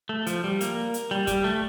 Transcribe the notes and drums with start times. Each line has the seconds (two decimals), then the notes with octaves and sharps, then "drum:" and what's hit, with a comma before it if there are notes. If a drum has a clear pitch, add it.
0.09 A3
0.27 F3, drum: hi-hat
0.44 G3
0.61 A#3, drum: hi-hat
0.94 drum: hi-hat
1.11 G3
1.27 G3, drum: kick, hi-hat
1.44 A3